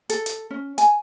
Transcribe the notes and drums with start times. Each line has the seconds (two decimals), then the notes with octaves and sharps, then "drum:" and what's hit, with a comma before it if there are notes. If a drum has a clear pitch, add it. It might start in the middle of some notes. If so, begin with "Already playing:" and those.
0.09 A4, drum: hi-hat
0.26 drum: hi-hat
0.50 C#4
0.78 G#5, drum: hi-hat